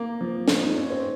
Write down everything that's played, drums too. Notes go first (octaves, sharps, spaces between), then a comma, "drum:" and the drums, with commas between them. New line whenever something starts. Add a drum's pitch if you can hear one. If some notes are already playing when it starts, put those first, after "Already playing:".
Already playing: A#3
F3
F3, drum: snare
D#4
C#4
C4